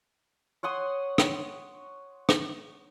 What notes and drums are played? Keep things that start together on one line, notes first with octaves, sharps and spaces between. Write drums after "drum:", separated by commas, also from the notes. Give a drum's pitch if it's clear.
C#5 F#5 C6 D#6
drum: rim click
drum: rim click